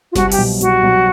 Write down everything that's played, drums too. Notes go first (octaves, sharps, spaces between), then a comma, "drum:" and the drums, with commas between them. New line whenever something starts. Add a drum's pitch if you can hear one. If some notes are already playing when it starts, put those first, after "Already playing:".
F4
C2 F#4, drum: snare G1
G4, drum: open hi-hat
B2 F#3
C2 F#4, drum: hi-hat
B2 F#3